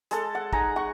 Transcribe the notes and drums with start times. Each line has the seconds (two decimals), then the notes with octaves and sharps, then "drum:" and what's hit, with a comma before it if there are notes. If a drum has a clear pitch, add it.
0.11 G#3 A4, drum: hi-hat
0.35 F#5
0.53 D#4 G#4 A#5, drum: kick
0.76 F#5 C#6